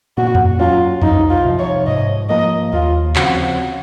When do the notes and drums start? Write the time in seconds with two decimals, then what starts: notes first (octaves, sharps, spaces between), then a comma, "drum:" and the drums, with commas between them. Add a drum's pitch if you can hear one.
0.17 A#2 F#4
0.35 drum: tom E2
0.60 F#3 C#4 F4
1.02 C2 D#4, drum: tom E2
1.30 F4
1.45 C3 F3
1.59 C#5
1.87 G#2 D#5
2.29 F3 A#3 D#5
2.73 D#2 F4
3.16 C#3 F3 C4 F#4, drum: clap